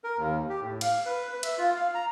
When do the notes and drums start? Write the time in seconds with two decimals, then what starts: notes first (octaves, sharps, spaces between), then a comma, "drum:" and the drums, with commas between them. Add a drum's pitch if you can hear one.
0.04 A#4
0.18 D#2
0.50 G4
0.61 A2
0.81 F5, drum: cymbal
1.06 B4
1.31 B4
1.43 E5, drum: cymbal
1.58 F4
1.76 F5
1.95 A#5